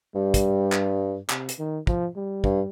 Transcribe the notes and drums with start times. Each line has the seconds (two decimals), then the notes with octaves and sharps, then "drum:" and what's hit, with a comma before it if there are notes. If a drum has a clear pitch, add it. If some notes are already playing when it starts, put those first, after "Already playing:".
0.15 G2 G3
0.34 drum: kick, hi-hat
0.72 drum: clap
1.30 C3, drum: clap
1.49 drum: hi-hat
1.59 D#3
1.87 F3, drum: kick
2.16 G3
2.44 G2, drum: kick